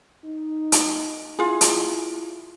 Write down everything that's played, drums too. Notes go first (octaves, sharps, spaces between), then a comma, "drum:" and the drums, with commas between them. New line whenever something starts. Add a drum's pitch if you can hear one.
D#4
drum: hi-hat
E4 F4 G#4
drum: hi-hat